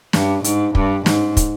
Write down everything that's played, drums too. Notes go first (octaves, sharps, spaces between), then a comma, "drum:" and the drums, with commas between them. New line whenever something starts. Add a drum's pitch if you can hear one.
G2, drum: snare
G#2, drum: hi-hat
G2, drum: kick
G#2, drum: snare
drum: kick, hi-hat